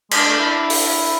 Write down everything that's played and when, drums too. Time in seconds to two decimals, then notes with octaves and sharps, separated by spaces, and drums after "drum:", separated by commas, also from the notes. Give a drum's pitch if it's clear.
0.11 G#3 D4, drum: cymbal
0.25 A3
0.39 E4
0.70 drum: open hi-hat